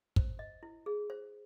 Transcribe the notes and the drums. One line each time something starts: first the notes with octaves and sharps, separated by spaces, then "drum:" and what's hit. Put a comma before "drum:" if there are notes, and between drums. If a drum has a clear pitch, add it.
C5, drum: kick
D#5
E4
G#4
C5